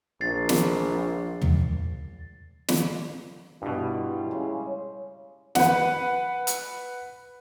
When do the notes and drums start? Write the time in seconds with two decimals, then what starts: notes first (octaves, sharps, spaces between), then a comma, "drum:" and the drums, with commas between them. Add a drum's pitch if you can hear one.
0.21 A#1 A6 C7
0.49 drum: snare
1.42 drum: tom
2.68 drum: snare
3.62 G2 B2 G3 E4 F4
4.31 C#3 G#3
5.55 B4 F#5, drum: snare
6.47 drum: hi-hat